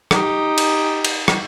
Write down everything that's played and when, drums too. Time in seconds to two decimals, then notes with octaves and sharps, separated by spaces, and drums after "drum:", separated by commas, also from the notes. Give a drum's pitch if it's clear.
0.11 D#4 G4, drum: rim click
0.58 drum: cymbal
1.05 drum: cymbal
1.28 drum: rim click